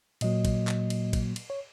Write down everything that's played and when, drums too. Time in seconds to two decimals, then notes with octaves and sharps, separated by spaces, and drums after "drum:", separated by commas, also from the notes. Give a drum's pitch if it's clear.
0.21 A#2 F#3 A#3 D#5, drum: cymbal
0.45 drum: kick, cymbal
0.67 drum: clap
0.90 drum: cymbal
1.13 drum: kick, cymbal
1.36 drum: cymbal
1.50 C#5